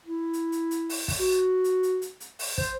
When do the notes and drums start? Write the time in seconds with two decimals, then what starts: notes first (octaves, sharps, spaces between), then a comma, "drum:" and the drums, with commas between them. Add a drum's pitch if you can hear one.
0.06 E4
0.33 drum: hi-hat
0.52 drum: hi-hat
0.71 drum: hi-hat
0.89 drum: open hi-hat
1.08 drum: kick, open hi-hat
1.19 F#4
1.64 drum: hi-hat
1.83 drum: hi-hat
2.02 drum: hi-hat
2.20 drum: hi-hat
2.39 drum: open hi-hat
2.58 C5, drum: kick